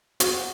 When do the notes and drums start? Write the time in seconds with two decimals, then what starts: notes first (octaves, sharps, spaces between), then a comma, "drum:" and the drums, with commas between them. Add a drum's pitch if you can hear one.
0.20 F#4, drum: hi-hat